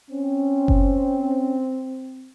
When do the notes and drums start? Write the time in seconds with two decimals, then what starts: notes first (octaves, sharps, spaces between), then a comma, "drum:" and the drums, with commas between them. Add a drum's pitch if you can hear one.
0.10 C4 C#4
0.68 drum: kick F#1